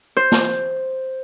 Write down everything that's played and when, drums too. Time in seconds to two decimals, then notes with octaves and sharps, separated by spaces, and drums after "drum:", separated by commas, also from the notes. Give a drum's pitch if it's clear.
0.17 C5
0.32 drum: snare